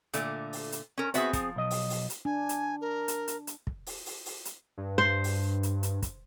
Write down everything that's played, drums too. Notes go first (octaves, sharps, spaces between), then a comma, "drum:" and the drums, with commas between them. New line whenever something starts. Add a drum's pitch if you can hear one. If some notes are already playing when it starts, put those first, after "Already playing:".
A#2 D3 A3, drum: hi-hat
drum: open hi-hat
drum: hi-hat
C#4 A#4
B3 C4 F#4 G#4 E5, drum: hi-hat
F3, drum: kick, hi-hat
B1 D#5
drum: open hi-hat
drum: open hi-hat
drum: hi-hat
D4 G#5
drum: hi-hat
A#4
drum: hi-hat
drum: hi-hat
drum: hi-hat
drum: kick
drum: open hi-hat
drum: open hi-hat
drum: open hi-hat
drum: hi-hat
G2
C5
drum: open hi-hat
drum: hi-hat
drum: hi-hat
drum: kick, hi-hat